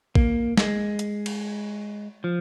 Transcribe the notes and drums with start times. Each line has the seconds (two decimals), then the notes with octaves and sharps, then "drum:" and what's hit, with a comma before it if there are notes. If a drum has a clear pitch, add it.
0.15 A#3, drum: kick A#1
0.57 G#3, drum: snare
0.99 drum: hi-hat
1.26 drum: cymbal
2.24 F3